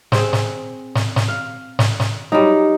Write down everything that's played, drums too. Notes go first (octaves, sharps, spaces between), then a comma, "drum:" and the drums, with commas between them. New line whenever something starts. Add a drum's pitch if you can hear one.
C4 G#4, drum: snare
drum: snare
drum: snare
drum: snare
F5
drum: snare
drum: snare
F#3 G3 D#4